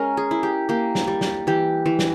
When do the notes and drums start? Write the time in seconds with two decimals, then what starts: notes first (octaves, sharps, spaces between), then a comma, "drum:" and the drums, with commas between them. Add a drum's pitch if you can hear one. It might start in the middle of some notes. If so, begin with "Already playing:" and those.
Already playing: G#3 C#4 A#4
0.17 G#4
0.31 E4
0.43 G4
0.69 A#3 G4
0.95 drum: snare
1.08 G3
1.21 drum: snare
1.47 E3 G4
1.86 E3
1.99 drum: snare